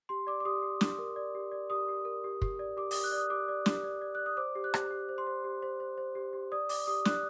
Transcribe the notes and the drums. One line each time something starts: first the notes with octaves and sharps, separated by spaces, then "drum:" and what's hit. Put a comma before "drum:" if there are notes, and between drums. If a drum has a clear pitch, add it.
G4 C6
D5 D6
D6
G4 D#6
G4
G4, drum: snare
A#4
D5
G4
D5
G4 D#6
G4
A#4
G4
G4, drum: kick
D5
G4 D6
G4 D#6, drum: open hi-hat
F#6
D5
D#6
G4 D6
D5
G4, drum: snare
D5
D5
D5 F#6
D#6
C5 D6
G4
F#6
G4, drum: rim click
G4
C5
C6
C5
G4
C5
C5
C5
G4
G4
D5 D#6
D5 D6, drum: open hi-hat
G4 D#6
D5 F#6, drum: snare